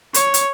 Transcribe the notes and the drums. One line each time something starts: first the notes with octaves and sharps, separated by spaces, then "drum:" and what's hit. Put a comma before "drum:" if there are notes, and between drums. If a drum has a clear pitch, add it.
C#5, drum: hi-hat
drum: hi-hat